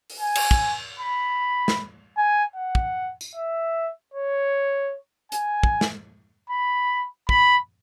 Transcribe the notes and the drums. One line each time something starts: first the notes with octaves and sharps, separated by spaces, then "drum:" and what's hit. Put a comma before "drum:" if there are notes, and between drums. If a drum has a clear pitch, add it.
drum: open hi-hat
G#5
drum: cymbal
drum: kick
B5
drum: snare
G#5
F#5
drum: kick
drum: tambourine
E5
C#5
G#5, drum: hi-hat
drum: kick
drum: snare
B5
B5, drum: kick